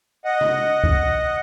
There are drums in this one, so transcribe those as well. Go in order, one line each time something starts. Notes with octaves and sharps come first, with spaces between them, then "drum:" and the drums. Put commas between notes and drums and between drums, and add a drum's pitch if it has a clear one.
D#5 F#5
drum: tom C3
drum: kick